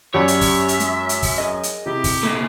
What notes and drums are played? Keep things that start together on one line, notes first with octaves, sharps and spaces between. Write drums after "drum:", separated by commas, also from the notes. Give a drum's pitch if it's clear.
F#2 G4 C#5 D5 E5 F#5
drum: hi-hat
drum: kick, open hi-hat
drum: hi-hat
G#3, drum: hi-hat
drum: hi-hat
drum: kick, open hi-hat
G#4 A#4 D#5
drum: hi-hat
C3 E4 G4
drum: kick, open hi-hat
A#2 C#3 G#3 A#3 A4